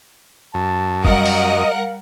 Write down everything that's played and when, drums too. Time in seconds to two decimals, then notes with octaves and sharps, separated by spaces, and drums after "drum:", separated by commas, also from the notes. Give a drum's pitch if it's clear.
0.54 F#2 A5
1.05 G3 A#4 D#5 F5 F#5, drum: kick
1.26 drum: open hi-hat